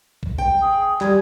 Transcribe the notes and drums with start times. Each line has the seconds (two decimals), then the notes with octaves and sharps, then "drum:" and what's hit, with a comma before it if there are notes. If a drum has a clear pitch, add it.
0.23 drum: kick B1
0.38 G5
0.61 G#4
1.01 G3 G#5, drum: clap